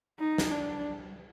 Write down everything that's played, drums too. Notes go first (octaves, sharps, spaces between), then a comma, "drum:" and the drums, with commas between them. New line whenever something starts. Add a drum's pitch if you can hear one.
D#4
drum: snare
D4